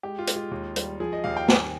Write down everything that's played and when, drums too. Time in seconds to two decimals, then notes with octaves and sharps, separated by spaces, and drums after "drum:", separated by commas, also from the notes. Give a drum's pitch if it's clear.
0.03 G#3 G4
0.19 F4
0.27 G#3, drum: hi-hat
0.36 F4
0.51 D#2
0.76 G3, drum: hi-hat
1.00 F3 G#4
1.13 D#5
1.24 D#2 F5
1.37 G5
1.48 D#3 G#5, drum: snare